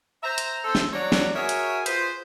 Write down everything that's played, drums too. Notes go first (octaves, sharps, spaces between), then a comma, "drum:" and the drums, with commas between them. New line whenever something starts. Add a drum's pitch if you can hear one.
C5 E5 A#5
drum: hi-hat
C4 A4 C5
drum: snare
F#3 D4 F#4 C#5 D5 A#5
drum: snare
F#4 G#4 A#4 C#5 E5 G#5
drum: hi-hat
F4 G#4 B4 C5, drum: hi-hat